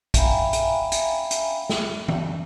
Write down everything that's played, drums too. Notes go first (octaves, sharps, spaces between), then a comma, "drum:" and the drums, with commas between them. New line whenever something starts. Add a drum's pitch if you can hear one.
E5 F5 G5 G#5 A#5 B5, drum: kick A#1, hi-hat
drum: hi-hat
drum: hi-hat
drum: hi-hat
drum: snare
drum: tom